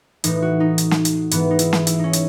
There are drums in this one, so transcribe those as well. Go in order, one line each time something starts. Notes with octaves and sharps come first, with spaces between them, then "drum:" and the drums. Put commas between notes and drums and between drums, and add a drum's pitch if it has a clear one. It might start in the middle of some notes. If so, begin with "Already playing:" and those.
A2 E3 D#4, drum: hi-hat
F#4
D#4
drum: hi-hat
drum: snare
drum: hi-hat
G#2 E3 B3, drum: hi-hat
D#4
E4, drum: hi-hat
drum: snare
E4, drum: hi-hat
C#4 D#4
drum: hi-hat